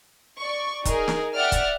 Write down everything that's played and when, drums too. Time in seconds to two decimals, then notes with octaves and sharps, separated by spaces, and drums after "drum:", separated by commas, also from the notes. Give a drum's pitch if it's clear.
0.39 D5 C#6
0.85 D#4 G#4 A#4, drum: kick, hi-hat
1.08 drum: snare
1.35 D5 E5 F#5 G5 F6
1.52 drum: kick, hi-hat